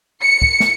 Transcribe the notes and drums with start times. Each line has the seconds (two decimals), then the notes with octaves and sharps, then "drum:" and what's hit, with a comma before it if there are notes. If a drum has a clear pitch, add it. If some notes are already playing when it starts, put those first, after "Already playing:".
0.23 C#7
0.42 drum: kick
0.60 drum: snare